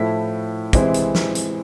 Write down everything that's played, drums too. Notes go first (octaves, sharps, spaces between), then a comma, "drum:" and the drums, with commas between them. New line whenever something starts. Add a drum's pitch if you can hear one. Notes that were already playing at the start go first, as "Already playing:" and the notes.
Already playing: A2 F3 A3 E4 B6
C3 E3 G#3 C4 E4, drum: kick, hi-hat
drum: hi-hat
drum: snare
drum: hi-hat